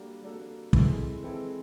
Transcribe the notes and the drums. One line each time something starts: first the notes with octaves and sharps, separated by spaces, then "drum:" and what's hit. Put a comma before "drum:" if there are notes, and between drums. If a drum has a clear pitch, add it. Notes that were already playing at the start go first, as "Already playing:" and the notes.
Already playing: G3 A#3 D4 F#4 A4
G3 A#3 D4 F#4 A4
E3 G#3 C4 E4 A4, drum: kick
E3 G#3 C4 E4 A4